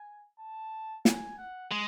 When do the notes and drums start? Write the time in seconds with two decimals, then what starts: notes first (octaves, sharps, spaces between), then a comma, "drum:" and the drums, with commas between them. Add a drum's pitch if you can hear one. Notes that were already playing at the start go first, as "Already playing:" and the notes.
Already playing: G#5
0.39 A5
1.05 G#5, drum: snare
1.38 F#5
1.71 G#3